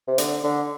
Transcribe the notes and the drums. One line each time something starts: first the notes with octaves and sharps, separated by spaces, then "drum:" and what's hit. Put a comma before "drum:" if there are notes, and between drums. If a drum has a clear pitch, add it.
C3
D3, drum: hi-hat
D3